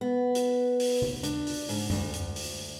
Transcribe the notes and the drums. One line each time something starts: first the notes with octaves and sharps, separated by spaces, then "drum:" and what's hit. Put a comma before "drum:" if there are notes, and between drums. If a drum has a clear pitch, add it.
B3
drum: hi-hat
drum: open hi-hat
drum: tom C#3
D4, drum: hi-hat
drum: open hi-hat
G#2, drum: open hi-hat
D2, drum: tom F#2
drum: hi-hat
drum: open hi-hat